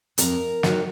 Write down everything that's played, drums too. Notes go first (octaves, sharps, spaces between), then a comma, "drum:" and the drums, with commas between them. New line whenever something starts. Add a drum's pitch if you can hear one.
F2 A#4, drum: hi-hat
D#3 F#3, drum: snare